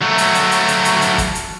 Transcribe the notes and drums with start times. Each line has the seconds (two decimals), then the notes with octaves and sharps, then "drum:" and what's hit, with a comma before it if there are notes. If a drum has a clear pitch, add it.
0.01 F#3 A3
0.18 drum: hi-hat
0.35 drum: hi-hat
0.51 drum: hi-hat
0.68 drum: hi-hat
0.85 drum: hi-hat
1.02 drum: hi-hat
1.18 drum: kick, hi-hat
1.35 drum: hi-hat